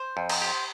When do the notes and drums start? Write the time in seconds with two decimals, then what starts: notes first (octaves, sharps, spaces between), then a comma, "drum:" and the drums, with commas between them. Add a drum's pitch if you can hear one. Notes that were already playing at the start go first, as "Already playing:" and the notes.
Already playing: C5
0.17 F2
0.29 C5, drum: cymbal
0.42 G4